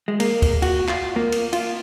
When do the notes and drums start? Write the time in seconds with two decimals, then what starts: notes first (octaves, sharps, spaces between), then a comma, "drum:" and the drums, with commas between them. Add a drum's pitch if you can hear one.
0.08 G#3
0.20 A#3, drum: cymbal
0.42 drum: kick, cymbal
0.62 F#4, drum: cymbal
0.88 F4, drum: clap
1.16 A#3
1.32 drum: cymbal
1.53 F4, drum: cymbal